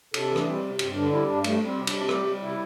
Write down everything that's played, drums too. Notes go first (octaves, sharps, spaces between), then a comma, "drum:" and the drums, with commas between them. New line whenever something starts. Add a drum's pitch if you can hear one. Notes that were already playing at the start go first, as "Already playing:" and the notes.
C3 A4, drum: cymbal
E3
D4, drum: rim click
G3 C4
C3
G2 C4, drum: cymbal
D3 D4
G3 E4
G2 D4
G3 A3, drum: cymbal
G3
C4
C3
D4, drum: cymbal
C3
G3 G4, drum: rim click
G3
C3 E4